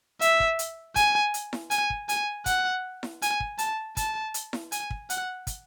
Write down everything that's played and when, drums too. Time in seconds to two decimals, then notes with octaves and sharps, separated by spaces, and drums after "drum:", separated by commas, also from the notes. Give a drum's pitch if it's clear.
0.21 E5, drum: hi-hat
0.40 drum: kick
0.59 drum: hi-hat
0.96 G#5, drum: kick, hi-hat
1.34 drum: hi-hat
1.53 drum: snare E4
1.71 G#5, drum: hi-hat
1.90 drum: kick
2.09 G#5, drum: hi-hat
2.46 F#5, drum: kick, hi-hat
3.03 drum: snare E4
3.22 G#5, drum: hi-hat
3.40 drum: kick
3.59 A5, drum: hi-hat
3.97 A5, drum: kick, hi-hat
4.34 drum: hi-hat
4.53 drum: snare E4
4.72 G#5, drum: hi-hat
4.90 drum: kick
5.10 F#5, drum: hi-hat
5.47 drum: kick, hi-hat